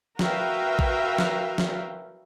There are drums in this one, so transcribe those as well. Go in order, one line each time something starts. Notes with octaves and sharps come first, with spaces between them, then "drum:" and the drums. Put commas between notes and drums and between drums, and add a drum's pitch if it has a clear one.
F#4 A#4 B4 E5 F5 G5, drum: snare
drum: kick A#1
drum: snare
drum: snare